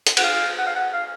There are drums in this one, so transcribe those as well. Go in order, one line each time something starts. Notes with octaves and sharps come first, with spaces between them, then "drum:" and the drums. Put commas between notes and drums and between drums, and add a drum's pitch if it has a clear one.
drum: hi-hat
F#5, drum: cymbal
F5
F#5
F5
F#5
F5